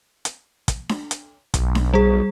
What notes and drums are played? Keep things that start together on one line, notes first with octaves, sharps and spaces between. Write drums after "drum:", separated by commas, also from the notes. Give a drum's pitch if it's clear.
drum: hi-hat
drum: kick, hi-hat
drum: snare D4
drum: hi-hat
B1, drum: kick, hi-hat
drum: snare D4
G3 G#4